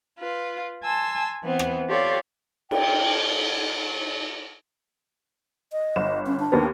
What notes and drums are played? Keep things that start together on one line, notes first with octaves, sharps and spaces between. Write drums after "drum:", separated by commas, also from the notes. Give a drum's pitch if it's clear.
F4 B4
G#5 A5 C6 E6
E3 B3 C4
drum: rim click
F4 G4 A4 C#5 D5 F5
G5, drum: cymbal
D#5
G1 E7
C#4
D4
D#2 A#3 B3